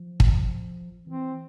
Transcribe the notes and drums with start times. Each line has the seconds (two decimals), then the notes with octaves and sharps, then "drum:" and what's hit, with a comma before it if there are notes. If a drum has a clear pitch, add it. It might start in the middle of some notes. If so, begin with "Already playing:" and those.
Already playing: F3
0.20 drum: kick
1.07 E3 C4